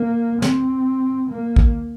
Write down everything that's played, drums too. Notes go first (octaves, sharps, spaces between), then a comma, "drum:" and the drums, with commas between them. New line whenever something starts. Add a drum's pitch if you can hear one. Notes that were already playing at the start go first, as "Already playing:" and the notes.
Already playing: A#3
C4, drum: snare
A#3
drum: kick